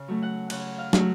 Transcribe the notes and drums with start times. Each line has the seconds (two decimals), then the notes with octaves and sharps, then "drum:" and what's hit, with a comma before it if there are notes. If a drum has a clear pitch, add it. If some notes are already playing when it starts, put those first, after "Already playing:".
Already playing: C#3
0.08 F#3 A3
0.22 F#5
0.50 C#3 F#5, drum: cymbal
0.78 F5
0.93 F#3 A3, drum: snare